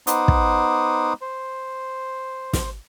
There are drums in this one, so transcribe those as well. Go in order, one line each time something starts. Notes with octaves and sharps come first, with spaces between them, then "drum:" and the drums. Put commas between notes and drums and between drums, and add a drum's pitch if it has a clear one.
B3 D#4 C5 F#5 D6 D#6, drum: hi-hat
drum: kick
C5
drum: snare